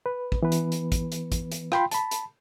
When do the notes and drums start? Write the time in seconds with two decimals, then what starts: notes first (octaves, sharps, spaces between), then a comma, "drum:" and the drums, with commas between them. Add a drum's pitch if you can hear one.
0.06 B4
0.32 drum: kick
0.43 E3 B3 B4
0.52 drum: hi-hat
0.72 drum: hi-hat
0.92 drum: kick, hi-hat
1.12 drum: hi-hat
1.32 drum: kick, hi-hat
1.52 drum: hi-hat
1.72 F4 G5 B5 C6, drum: rim click
1.91 A5 B5, drum: hi-hat
2.11 drum: hi-hat